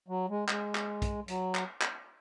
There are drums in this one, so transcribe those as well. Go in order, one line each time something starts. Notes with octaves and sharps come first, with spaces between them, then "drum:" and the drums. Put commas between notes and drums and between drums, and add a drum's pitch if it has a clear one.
F#3
G#3
G#3, drum: clap
drum: clap
drum: kick, hi-hat
F#3, drum: hi-hat
drum: clap
drum: clap